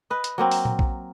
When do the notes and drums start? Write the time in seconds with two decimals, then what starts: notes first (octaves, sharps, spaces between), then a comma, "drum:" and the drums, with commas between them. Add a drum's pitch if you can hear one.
0.10 B4 D#5
0.24 drum: hi-hat
0.38 F#3 A#3 C4
0.51 drum: open hi-hat
0.65 drum: tom A#2
0.79 drum: kick A#1